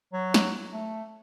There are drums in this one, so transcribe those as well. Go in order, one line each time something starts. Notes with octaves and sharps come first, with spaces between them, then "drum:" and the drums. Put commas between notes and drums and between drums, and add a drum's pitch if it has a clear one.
F#3
drum: snare
A3